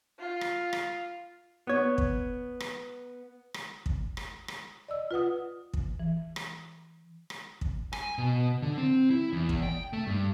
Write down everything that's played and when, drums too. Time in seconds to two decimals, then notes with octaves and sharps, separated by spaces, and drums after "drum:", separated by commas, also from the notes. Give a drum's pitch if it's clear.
0.19 F4
0.41 drum: rim click
0.73 drum: rim click
1.67 B3 C#5
1.98 drum: kick
2.60 drum: rim click
3.54 drum: rim click
3.86 drum: kick
4.17 drum: rim click
4.48 drum: rim click
4.88 D5 D#5 E6
5.11 F4 B4 F#5 D#6
5.73 drum: kick
5.99 E3
6.36 drum: rim click
7.30 drum: rim click
7.61 drum: kick
7.93 G#5, drum: rim click
8.18 B2
8.62 D3
8.77 C4
9.10 E4
9.33 E2
9.49 drum: kick
9.63 G5
9.93 A3
10.07 G2